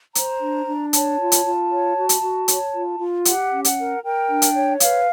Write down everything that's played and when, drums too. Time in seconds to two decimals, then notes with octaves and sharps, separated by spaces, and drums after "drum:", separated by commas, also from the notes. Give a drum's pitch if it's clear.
0.15 C5 A#5, drum: hi-hat
0.41 D4
0.67 D4
0.93 C#5 A5, drum: hi-hat
1.19 F4
1.32 drum: hi-hat
1.45 F4
1.70 C#5
1.96 F#4
2.09 drum: hi-hat
2.22 F#4
2.48 C#5, drum: hi-hat
2.73 F4
2.99 F4
3.25 G4 F#5, drum: hi-hat
3.51 C#4
3.65 F#5, drum: hi-hat
3.77 A#4
4.03 A#4 G5
4.29 D4
4.42 drum: hi-hat
4.54 C#5
4.80 B4 F5, drum: hi-hat